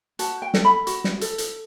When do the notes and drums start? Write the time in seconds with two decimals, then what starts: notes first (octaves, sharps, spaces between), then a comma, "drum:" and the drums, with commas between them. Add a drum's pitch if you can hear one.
0.19 F#4 A5, drum: hi-hat
0.42 G5
0.54 A4, drum: snare
0.65 B5
0.87 F#4, drum: hi-hat
1.04 drum: snare
1.21 A4, drum: hi-hat
1.38 drum: hi-hat